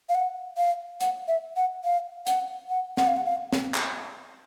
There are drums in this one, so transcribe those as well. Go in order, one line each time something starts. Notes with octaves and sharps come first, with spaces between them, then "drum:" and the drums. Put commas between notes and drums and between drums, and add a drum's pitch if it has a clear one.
F5
F#5
F5
F#5, drum: hi-hat
E5
F#5
F5
F#5, drum: hi-hat
F#5
F#5, drum: snare
F5
F#5
F5
drum: snare
drum: clap